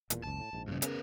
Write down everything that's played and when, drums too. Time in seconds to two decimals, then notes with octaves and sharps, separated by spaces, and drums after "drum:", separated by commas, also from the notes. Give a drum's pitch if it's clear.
0.10 D#1 E2 A#2, drum: hi-hat
0.23 F#1 C#2 A5
0.40 A2
0.53 A#1 G#2
0.68 G2 C#3
0.82 C#3 B3 C#4 A#4, drum: hi-hat